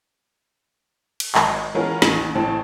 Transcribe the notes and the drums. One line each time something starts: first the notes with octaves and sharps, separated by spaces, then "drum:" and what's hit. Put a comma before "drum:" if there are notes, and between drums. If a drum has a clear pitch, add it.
drum: cymbal
G#1, drum: clap
E3 G#3 B3 C#4 F4 A#4
A1 D#2, drum: snare
A1 A2 C4 A5